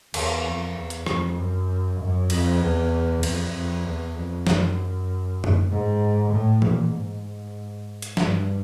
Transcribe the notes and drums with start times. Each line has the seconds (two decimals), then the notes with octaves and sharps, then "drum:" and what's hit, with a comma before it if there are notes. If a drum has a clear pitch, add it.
0.14 E2, drum: cymbal
0.45 F2
0.75 E2
0.90 drum: hi-hat
1.06 F2, drum: rim click
1.38 F#2
1.99 F#2
2.30 F2, drum: cymbal
2.61 E2
3.23 F2, drum: cymbal
3.53 F2
3.84 E2
4.15 F2
4.47 F#2, drum: snare
5.44 drum: tom F#2
5.70 G#2
6.32 A2
6.62 A#2, drum: tom E3
6.92 G#2
8.02 drum: hi-hat
8.17 G2, drum: snare